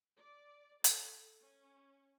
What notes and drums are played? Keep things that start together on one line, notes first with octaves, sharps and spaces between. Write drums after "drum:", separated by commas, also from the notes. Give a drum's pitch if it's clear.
D5
A4, drum: hi-hat
C#4